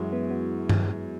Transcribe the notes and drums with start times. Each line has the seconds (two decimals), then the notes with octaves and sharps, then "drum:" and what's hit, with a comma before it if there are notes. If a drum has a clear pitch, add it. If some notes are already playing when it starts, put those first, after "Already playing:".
Already playing: F#2 E3 G#3 E4 F#4
0.12 B3
0.30 B3
0.69 drum: tom G2